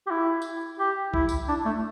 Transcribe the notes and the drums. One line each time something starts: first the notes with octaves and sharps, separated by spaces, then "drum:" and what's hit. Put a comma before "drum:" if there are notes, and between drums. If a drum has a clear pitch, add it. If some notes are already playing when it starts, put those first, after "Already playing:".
G4
E4
drum: tambourine
G4
E4, drum: kick C2
drum: tambourine
D4
A3